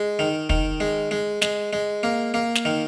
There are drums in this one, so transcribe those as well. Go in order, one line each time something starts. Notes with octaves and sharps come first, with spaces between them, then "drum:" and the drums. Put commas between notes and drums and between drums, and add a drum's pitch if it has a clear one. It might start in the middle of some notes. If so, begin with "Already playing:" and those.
Already playing: G#3
D#3
D#3, drum: kick
G#3
G#3
G#3, drum: snare
G#3
A#3
A#3
drum: snare
D#3